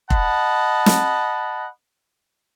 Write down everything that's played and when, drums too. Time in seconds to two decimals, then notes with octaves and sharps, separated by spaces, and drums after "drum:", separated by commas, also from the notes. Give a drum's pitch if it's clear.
0.10 D#5 F#5 A5 B5, drum: kick
0.86 drum: snare